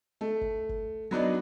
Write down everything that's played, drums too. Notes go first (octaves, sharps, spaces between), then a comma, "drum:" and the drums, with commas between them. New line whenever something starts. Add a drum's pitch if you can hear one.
A3
drum: kick G1
drum: kick G1
F#3 B3 D4 D#4